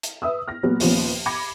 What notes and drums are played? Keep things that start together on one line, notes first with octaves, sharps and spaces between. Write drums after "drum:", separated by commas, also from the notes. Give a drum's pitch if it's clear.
drum: hi-hat
B4 E5 D#6 E6
F6 A#6
A#2 F#3 B3
D#2 A#2 F3 B3 C#4, drum: open hi-hat
B5 D6 G#6 A#6 C#7